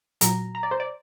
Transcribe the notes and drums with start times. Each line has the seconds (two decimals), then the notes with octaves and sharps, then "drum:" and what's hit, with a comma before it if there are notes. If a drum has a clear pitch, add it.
0.21 A#2 F#3 A#5, drum: hi-hat
0.55 A#5
0.63 D5
0.71 C5
0.80 D5